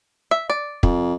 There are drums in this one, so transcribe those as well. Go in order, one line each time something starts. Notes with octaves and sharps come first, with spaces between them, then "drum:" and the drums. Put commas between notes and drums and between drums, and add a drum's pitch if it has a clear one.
E5
D5
F2, drum: kick